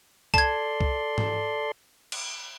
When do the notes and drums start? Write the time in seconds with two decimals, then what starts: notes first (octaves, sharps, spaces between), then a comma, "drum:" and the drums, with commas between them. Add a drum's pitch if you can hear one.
0.34 A4 D5 A5 C6 G#6, drum: kick C2
0.80 drum: kick C2
1.18 drum: tom G#2
2.12 drum: cymbal